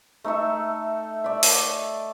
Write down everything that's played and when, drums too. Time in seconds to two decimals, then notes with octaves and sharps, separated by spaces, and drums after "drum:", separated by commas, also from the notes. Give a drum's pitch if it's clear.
0.24 A3 D#4 E5 C#6
1.24 D5 E5
1.43 drum: open hi-hat